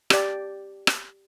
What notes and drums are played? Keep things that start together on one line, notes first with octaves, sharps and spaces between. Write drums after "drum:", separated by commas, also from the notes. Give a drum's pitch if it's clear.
G4 D5, drum: rim click
drum: rim click